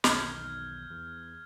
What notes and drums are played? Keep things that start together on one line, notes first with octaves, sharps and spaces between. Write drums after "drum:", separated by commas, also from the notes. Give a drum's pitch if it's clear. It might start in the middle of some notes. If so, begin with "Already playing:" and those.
B1 E2 D#3 F6 G6 G#6, drum: snare
E2